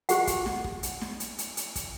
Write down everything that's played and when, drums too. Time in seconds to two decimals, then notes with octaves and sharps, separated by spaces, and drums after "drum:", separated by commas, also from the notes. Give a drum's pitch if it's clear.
0.09 G4 G#4 F#5, drum: hi-hat
0.27 drum: kick, hi-hat
0.46 drum: snare
0.64 drum: kick
0.83 drum: hi-hat
1.01 drum: snare
1.20 drum: hi-hat
1.38 drum: hi-hat
1.57 drum: hi-hat
1.75 drum: kick, hi-hat